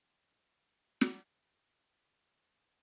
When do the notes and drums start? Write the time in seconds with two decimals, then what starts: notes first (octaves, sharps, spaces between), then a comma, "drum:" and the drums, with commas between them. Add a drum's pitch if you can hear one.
0.17 G#4
0.64 A#3 F#4 G#4 B6
1.01 drum: snare
1.24 C#3 G6
2.40 F4 G4 B4 G#6 D#7 F#7